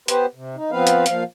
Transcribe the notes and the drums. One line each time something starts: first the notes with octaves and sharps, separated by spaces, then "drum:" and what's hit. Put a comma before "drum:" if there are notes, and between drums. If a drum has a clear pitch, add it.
B3 G4 B4 C5, drum: hi-hat
C3
D#4
F3 B3 C4 B4 F5
drum: hi-hat
A#2 F3 F5, drum: hi-hat